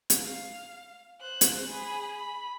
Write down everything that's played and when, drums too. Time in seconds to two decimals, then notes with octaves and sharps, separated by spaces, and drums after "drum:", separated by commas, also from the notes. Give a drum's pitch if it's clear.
0.10 drum: hi-hat
0.22 F5
1.21 C5 F#6
1.41 drum: hi-hat
1.69 G#4 B5
2.13 B5